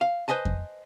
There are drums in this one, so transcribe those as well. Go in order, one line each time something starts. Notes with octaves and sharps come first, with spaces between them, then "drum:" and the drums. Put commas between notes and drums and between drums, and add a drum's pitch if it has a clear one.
F5
B4 C5 D#5 G#5 A5
drum: kick F2